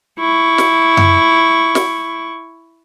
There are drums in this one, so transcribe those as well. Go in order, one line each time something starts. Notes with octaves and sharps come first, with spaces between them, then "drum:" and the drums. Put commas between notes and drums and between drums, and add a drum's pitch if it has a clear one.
E4 C#6
drum: snare
drum: tom F#2
drum: snare